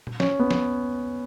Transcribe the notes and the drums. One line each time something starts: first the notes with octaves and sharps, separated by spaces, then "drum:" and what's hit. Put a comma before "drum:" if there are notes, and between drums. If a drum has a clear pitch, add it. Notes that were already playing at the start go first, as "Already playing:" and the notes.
drum: tom A#2
C#4, drum: snare
B3
drum: snare